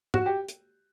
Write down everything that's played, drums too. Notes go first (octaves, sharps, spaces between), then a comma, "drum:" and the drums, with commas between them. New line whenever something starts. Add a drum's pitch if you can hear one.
F#4, drum: tom
G4
drum: hi-hat